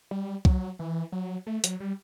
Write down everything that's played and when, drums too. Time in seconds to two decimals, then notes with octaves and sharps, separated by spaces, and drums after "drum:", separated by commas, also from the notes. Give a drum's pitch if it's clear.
0.11 G3
0.45 F#3, drum: kick
0.79 E3
1.12 F#3
1.47 A3
1.64 F#3, drum: hi-hat
1.80 G3